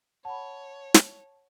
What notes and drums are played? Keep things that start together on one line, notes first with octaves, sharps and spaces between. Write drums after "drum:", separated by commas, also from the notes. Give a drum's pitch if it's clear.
C#5 F#5 A5 B5
drum: snare